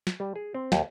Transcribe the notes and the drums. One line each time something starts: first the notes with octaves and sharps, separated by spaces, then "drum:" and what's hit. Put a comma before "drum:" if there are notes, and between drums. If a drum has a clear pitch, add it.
drum: snare
G3
G#4
C4
D#2, drum: snare